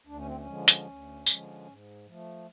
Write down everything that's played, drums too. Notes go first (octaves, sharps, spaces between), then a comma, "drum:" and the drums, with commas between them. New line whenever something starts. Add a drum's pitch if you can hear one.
D2 D4
C#4
C4
C#4
D3 F3 G#3
drum: hi-hat
D2
D3 F3 G#3, drum: tambourine
G#2
F3 A3